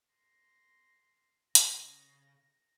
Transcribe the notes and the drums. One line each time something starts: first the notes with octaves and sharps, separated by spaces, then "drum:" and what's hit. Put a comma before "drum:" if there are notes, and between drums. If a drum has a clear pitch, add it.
C6 A#6
C#3 A#6, drum: hi-hat